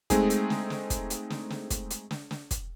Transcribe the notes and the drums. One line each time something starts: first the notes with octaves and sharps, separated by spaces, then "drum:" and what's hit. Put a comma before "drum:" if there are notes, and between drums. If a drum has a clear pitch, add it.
G#3 A3 C4 D#4 G#4, drum: kick, hi-hat
drum: hi-hat
drum: snare
drum: snare
drum: kick, hi-hat
drum: hi-hat
drum: snare
drum: snare
drum: kick, hi-hat
drum: hi-hat
drum: snare
drum: snare
drum: kick, hi-hat